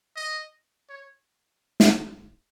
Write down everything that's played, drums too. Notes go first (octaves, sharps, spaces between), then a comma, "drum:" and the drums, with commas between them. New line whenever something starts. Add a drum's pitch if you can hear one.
D#5
C#5
drum: snare